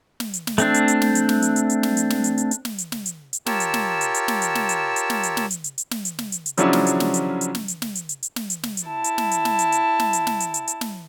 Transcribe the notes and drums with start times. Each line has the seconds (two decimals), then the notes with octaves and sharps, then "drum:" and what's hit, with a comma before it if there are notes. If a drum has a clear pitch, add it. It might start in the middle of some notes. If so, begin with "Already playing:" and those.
0.20 drum: snare
0.33 drum: hi-hat
0.47 drum: snare
0.58 A3 C4 D4, drum: hi-hat
0.74 drum: hi-hat
0.88 drum: hi-hat
1.02 drum: snare
1.15 drum: hi-hat
1.29 drum: snare
1.42 drum: hi-hat
1.56 drum: hi-hat
1.70 drum: hi-hat
1.83 drum: snare
1.97 drum: hi-hat
2.10 drum: snare
2.24 drum: hi-hat
2.38 drum: hi-hat
2.51 drum: hi-hat
2.65 drum: snare
2.78 drum: hi-hat
2.92 drum: snare
3.06 drum: hi-hat
3.33 drum: hi-hat
3.46 F4 G4 A#4 C#5 A5 E6, drum: snare
3.60 drum: hi-hat
3.74 drum: snare
4.01 drum: hi-hat
4.14 drum: hi-hat
4.28 drum: snare
4.42 drum: hi-hat
4.55 drum: snare
4.69 drum: hi-hat
4.96 drum: hi-hat
5.10 drum: snare
5.23 drum: hi-hat
5.37 drum: snare
5.50 drum: hi-hat
5.64 drum: hi-hat
5.78 drum: hi-hat
5.91 drum: snare
6.05 drum: hi-hat
6.19 drum: snare
6.32 drum: hi-hat
6.46 drum: hi-hat
6.57 C#3 F3 F#3 C#4 D4 E4, drum: hi-hat
6.73 drum: snare
6.87 drum: hi-hat
7.00 drum: snare
7.14 drum: hi-hat
7.41 drum: hi-hat
7.55 drum: snare
7.68 drum: hi-hat
7.82 drum: snare
7.95 drum: hi-hat
8.09 drum: hi-hat
8.23 drum: hi-hat
8.36 drum: snare
8.50 drum: hi-hat
8.63 drum: snare
8.77 drum: hi-hat
8.87 E4 A5
9.04 drum: hi-hat
9.18 drum: snare
9.31 drum: hi-hat
9.45 drum: snare
9.59 drum: hi-hat
9.72 drum: hi-hat
9.99 drum: snare
10.13 drum: hi-hat
10.27 drum: snare
10.40 drum: hi-hat
10.54 drum: hi-hat
10.67 drum: hi-hat
10.81 drum: snare